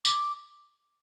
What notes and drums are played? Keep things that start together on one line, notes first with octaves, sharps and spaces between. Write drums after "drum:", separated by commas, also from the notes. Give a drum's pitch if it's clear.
D6, drum: tambourine